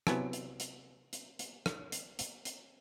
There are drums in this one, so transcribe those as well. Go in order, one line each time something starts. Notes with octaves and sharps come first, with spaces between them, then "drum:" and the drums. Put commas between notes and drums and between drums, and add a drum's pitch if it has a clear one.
C3 F#3 B3 E4 G#5 A5, drum: rim click
drum: hi-hat
drum: hi-hat
drum: hi-hat
drum: hi-hat
drum: rim click
drum: hi-hat
drum: hi-hat
drum: hi-hat